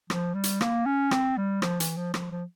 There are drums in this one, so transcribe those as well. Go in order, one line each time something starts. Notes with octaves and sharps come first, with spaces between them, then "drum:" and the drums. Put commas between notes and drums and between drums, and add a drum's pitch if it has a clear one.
F3, drum: rim click
G3
drum: hi-hat
A#3, drum: rim click
C#4
C4, drum: rim click
G3
F3, drum: rim click
E3, drum: hi-hat
F3
F3, drum: rim click
F3